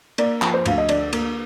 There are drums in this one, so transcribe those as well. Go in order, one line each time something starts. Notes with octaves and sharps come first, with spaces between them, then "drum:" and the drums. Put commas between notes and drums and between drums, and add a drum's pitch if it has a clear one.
A#3 D5, drum: cymbal
F3, drum: clap
C5
D2 F5, drum: cymbal
D#5
D3 D5, drum: cymbal
A#3, drum: cymbal